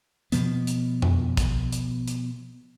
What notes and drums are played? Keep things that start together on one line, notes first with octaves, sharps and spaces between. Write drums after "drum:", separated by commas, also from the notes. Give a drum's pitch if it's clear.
B2 F3 B3, drum: hi-hat
drum: hi-hat
drum: tom F2
drum: kick, hi-hat
drum: hi-hat
drum: hi-hat